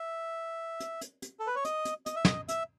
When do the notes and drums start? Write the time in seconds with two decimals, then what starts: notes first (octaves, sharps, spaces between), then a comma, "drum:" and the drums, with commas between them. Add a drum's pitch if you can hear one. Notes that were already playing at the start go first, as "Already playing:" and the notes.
Already playing: E5
0.80 drum: hi-hat
1.01 drum: hi-hat
1.22 drum: hi-hat
1.40 A4
1.47 B4
1.55 C#5
1.65 D#5, drum: hi-hat
1.85 drum: hi-hat
2.06 D#5, drum: hi-hat
2.16 E5
2.25 D#5, drum: snare
2.49 E5, drum: hi-hat